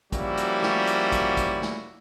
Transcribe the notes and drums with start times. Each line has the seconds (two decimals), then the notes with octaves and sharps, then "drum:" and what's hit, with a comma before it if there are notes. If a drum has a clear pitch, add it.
0.12 F3 G3 A#3 C#4 E4 F#4, drum: kick, hi-hat
0.37 drum: hi-hat
0.62 drum: snare
0.87 drum: hi-hat
1.12 drum: kick, hi-hat
1.37 drum: kick, hi-hat
1.62 drum: snare